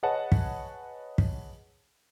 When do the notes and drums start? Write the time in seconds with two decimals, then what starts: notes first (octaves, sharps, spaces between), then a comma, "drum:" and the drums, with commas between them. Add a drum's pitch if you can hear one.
0.03 G#4 B4 C#5 D#5 F#5 A5
0.32 drum: kick
1.18 drum: kick